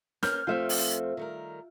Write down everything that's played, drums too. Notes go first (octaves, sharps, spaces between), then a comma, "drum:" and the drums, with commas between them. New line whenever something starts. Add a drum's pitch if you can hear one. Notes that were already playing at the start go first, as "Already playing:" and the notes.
A#3 B3 C#4 F6 G6, drum: snare
F2 A3 C4 F4 E5 F5
drum: open hi-hat
D#3 G3 A#4